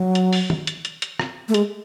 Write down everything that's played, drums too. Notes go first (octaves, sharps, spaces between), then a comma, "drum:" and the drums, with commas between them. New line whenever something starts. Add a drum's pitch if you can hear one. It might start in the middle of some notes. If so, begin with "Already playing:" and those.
Already playing: F#3
drum: hi-hat
drum: open hi-hat
drum: tom
drum: hi-hat
drum: hi-hat
drum: hi-hat
drum: rim click
A3
G#3, drum: hi-hat